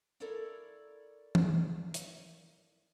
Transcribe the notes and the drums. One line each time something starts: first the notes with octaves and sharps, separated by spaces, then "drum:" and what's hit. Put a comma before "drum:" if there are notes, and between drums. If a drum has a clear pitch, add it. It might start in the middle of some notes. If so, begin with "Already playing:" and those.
E4 A4 A#4 C#5 D5 F5
drum: tom
drum: hi-hat